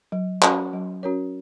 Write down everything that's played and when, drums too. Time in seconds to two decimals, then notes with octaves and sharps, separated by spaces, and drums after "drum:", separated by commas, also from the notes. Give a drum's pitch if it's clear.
0.12 F#3
0.42 C#4 F#4 A#4 C#5, drum: clap
0.73 F#3
1.03 C#4 F#4 A#4 C#5